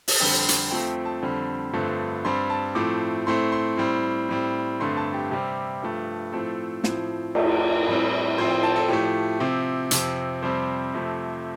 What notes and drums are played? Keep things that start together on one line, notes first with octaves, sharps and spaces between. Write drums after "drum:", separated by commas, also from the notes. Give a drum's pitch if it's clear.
drum: open hi-hat
F2 D3 G3 C4 G5
drum: hi-hat
F2 F3 A3 C4 G5
A5
F2 D3 G3 C4
G2 D3 F3 A3 C4
G2 G3 C4 C6
A5
A2 F3 A3 C4 D6
A2 A3 C4 C6
C6
A2 G3 C4
A2 G3 C4
G2 D3 A3 C4 C6
A5
G4
C3 G3 C4 G4
G2 F3 A3
A2 F3 A3 C4 A4
A2 F3 C4, drum: snare
F2 F3 A3, drum: cymbal
A2 G3 C4
A2 F3 C4 C5
G5
A5
A4
A2 F3 A3 G4
C3 F3 C4
F2 C3 F3 C4, drum: hi-hat
F2 C3 G3 C4 C5
F2 C3 F3 A3 C4